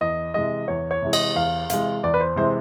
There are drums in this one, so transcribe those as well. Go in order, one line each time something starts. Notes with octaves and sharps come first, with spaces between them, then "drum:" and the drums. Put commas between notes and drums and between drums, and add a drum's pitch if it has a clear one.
E2 D#5
C3 E3 G#3 D#5
E2 C#5
C#5
C3 E3 G#3
D#5, drum: cymbal
E2 F5
C3 E3 G#3 F5, drum: hi-hat
E2 D5
B4
C5
C3 E3 G#3 C5